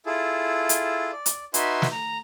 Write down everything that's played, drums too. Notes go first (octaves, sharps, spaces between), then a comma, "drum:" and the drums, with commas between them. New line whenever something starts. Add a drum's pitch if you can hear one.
E4 F4 G#4 A4
drum: hi-hat
D5
drum: hi-hat
D#4 F#4 B4 E5 G#5 C6, drum: hi-hat
drum: snare
A#5